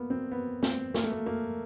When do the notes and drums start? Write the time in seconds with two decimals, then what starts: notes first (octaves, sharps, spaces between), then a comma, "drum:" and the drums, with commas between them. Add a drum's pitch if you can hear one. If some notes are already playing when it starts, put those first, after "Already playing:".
Already playing: A#3 B3
0.10 C4
0.32 B3
0.63 C4, drum: snare
0.94 A#3, drum: snare
1.04 A3
1.12 A#3
1.26 A#3